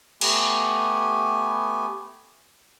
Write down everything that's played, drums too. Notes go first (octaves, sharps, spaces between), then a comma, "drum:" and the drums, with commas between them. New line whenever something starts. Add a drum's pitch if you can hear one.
A3 B3 G4 G#5, drum: cymbal